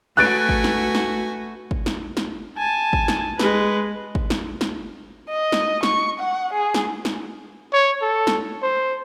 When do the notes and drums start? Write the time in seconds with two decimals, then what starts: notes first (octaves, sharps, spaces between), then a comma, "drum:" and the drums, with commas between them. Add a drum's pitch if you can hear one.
0.17 A3 F#4 B4 G#5 F#6 A6 D7
0.49 drum: kick
0.64 drum: snare
0.95 drum: snare
1.71 drum: kick
1.86 drum: snare
2.17 drum: snare
2.58 G#5 A5
2.93 drum: kick
3.08 drum: snare
3.39 G#3 B4, drum: snare
4.15 drum: kick
4.30 drum: snare
4.61 drum: snare
5.29 D#5
5.52 drum: snare
5.83 C#6, drum: snare
6.19 F#5
6.53 G#4
6.74 drum: snare
7.05 drum: snare
7.73 C#5
8.02 A4
8.27 drum: snare
8.62 C5